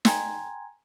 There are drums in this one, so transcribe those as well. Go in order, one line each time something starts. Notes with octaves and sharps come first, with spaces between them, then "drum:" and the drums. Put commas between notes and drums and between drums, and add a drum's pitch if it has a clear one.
G5 G#5 A#5 C6 G#6, drum: snare